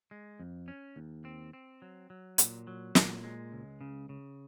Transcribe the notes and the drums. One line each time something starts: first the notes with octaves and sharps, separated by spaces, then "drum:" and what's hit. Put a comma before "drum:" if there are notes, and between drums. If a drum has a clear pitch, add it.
G#3
F2
C#4
D#2
C4
C4
F#3
F#3
A#2, drum: hi-hat
F#3
A#2, drum: snare
G#3
C#2
C#3
C#3